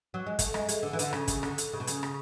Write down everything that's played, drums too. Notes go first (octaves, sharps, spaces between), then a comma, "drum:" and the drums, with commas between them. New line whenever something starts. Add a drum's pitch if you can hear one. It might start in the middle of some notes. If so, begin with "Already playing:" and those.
F#3
G#3
A3, drum: kick, hi-hat
G#3, drum: rim click
G#3, drum: hi-hat
D3
E3
D3, drum: hi-hat
C#3, drum: rim click
C#3, drum: kick, hi-hat
D3, drum: rim click
drum: hi-hat
C#3
B2
C#3, drum: hi-hat
drum: rim click